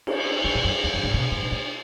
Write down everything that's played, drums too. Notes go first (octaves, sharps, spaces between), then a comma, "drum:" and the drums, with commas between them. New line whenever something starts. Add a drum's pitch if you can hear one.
drum: cymbal
D3
A2
F#2
E2
F#2
G#2
C#3
B2
C#3
A2
B2
A2